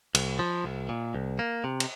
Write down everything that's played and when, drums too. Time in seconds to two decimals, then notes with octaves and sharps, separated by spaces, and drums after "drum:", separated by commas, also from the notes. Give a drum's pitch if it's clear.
0.15 C2, drum: cymbal
0.39 F3
0.64 C2
0.89 A#2
1.14 C2
1.39 A#3
1.64 C3
1.80 drum: cymbal